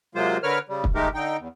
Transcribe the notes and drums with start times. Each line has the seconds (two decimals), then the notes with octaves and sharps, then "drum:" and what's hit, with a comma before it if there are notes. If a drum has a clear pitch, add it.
0.15 C3 F#3 G#3 A#3 F4 C5
0.43 D3 A#4 B4 C#5 F6
0.69 C#3 G3
0.84 drum: kick
0.95 D#3 G#3 A3 D#4 G4 A#4
1.15 D3 D#4 G5
1.38 E2